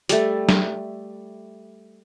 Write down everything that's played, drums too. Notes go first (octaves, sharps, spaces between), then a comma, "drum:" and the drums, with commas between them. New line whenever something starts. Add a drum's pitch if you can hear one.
G3 A3, drum: hi-hat
drum: snare